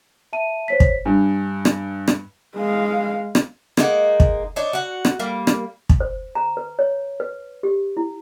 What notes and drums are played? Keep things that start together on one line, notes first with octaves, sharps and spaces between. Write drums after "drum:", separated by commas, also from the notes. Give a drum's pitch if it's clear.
E5 A5 D#7
C5 C#5 B6
drum: kick
G2 G#5
drum: rim click
drum: rim click
G#3 F5
drum: rim click
G#3 A#3 D#4 F#5, drum: rim click
drum: kick
D4 D#4 C#5
F#4 F#5
drum: rim click
G3 A#3
drum: rim click
drum: kick
C5
A#5
B4
C#5
B4
G4
E4